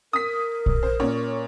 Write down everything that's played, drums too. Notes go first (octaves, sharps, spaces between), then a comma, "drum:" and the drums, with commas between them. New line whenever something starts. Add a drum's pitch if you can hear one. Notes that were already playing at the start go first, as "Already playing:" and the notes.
A#4 D#6 B6
drum: kick A#1
C5
A#2 C#4 C#5